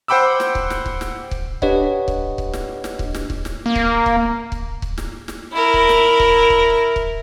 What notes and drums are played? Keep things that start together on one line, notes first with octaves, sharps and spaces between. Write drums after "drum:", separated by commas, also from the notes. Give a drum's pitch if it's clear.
C5 F#5 G5 B5 D6 E6
drum: snare
drum: kick C#1
drum: snare
drum: kick C#1
drum: snare
drum: kick C#1
D4 G4 B4 C#5 D#5 F#5, drum: kick C#1
drum: kick C#1
drum: kick C#1
drum: snare
drum: snare
drum: kick C#1
drum: snare
drum: kick C#1
drum: snare
A#3
drum: kick C#1
drum: kick C#1
drum: kick C#1
drum: kick C#1
drum: snare
drum: snare
E4 A#4
drum: kick C#1
drum: snare
drum: kick C#1
drum: kick C#1
drum: kick C#1